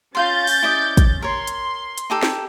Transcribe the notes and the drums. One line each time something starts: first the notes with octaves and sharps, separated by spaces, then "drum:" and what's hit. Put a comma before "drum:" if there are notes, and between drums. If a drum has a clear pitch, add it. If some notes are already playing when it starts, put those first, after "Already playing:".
C#4 F4 F5 C6 G6 A6
drum: open hi-hat
E4 D5 D#5
drum: kick, hi-hat
A#4 C#5 C6
drum: hi-hat
drum: hi-hat
D#4 G4 A4
drum: snare